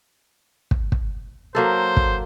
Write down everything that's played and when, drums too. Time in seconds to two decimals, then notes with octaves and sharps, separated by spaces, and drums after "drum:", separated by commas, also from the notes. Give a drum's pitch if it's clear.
0.71 drum: kick
0.92 drum: kick
1.55 F#3 A#3 A4 C5
1.97 drum: kick